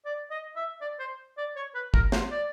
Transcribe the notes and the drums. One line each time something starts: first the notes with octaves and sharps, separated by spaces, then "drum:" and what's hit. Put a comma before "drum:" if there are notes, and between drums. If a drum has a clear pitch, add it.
D5
D#5
E5
D5
C5
D5
C#5
B4
A#4, drum: kick
C5, drum: snare
D5